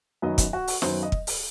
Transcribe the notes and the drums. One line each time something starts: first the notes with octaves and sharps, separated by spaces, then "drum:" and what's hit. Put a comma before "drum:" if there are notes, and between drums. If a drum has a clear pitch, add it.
F#2 D#3 F#3 B3 D#5
drum: kick, hi-hat
F#4
drum: open hi-hat
F#2 D#3 F#3 B3 C5, drum: snare
D#5
drum: kick
drum: open hi-hat